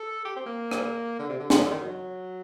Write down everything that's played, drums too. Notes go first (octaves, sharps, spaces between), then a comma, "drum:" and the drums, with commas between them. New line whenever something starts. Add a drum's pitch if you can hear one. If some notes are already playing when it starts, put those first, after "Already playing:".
Already playing: A4
G4
C4
A#3
drum: rim click
D3
C3
D3
C3, drum: snare
D3
D#3
F#3